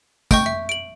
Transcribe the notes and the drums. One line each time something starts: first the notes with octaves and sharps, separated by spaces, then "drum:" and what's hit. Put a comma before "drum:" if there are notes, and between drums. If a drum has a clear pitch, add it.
A3 D#5 G5 C#6 G6 D7, drum: kick, tambourine
E5
D7 F#7